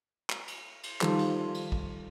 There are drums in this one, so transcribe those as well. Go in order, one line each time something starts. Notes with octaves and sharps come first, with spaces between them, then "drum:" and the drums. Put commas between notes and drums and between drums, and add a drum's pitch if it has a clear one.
drum: clap
drum: cymbal
drum: cymbal
D#3 F3 G3 F4 A4 C5, drum: clap
drum: cymbal
drum: cymbal
drum: kick